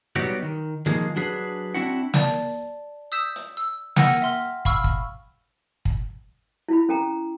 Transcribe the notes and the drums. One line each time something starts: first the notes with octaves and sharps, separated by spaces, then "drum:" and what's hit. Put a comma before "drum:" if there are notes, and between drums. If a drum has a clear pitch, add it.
F#3 G3 B3 D#4 F#4 G4
D#3
D#3 F3 G#3 A#3 G#4, drum: hi-hat
F#3 D4 G#4 B4
C4 D4 E4 F#4 F#5
D5 A5, drum: snare
D#6 E6 G6 B6 E7
drum: hi-hat
E6
F#5 G5 E6 F6 A#6 D#7, drum: snare
E5 C6 F6
F5 B5 C#6 E6 F6, drum: kick
drum: kick
drum: kick
E4 F4 B5
C#4 A4 G5 A#5